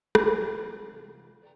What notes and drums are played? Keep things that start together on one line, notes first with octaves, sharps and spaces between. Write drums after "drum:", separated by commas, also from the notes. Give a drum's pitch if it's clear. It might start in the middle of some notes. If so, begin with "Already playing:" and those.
C#2 D#4 F#5, drum: rim click
C4
C3 E3 G#3 B3 F4 F#4
B4 D5 F#5 G5 A#5